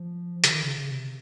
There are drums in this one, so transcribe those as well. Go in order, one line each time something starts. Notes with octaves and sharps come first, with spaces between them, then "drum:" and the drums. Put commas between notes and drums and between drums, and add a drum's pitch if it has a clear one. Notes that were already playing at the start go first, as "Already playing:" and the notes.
Already playing: F3
C#3, drum: hi-hat
D#3
C#3
C#3
C3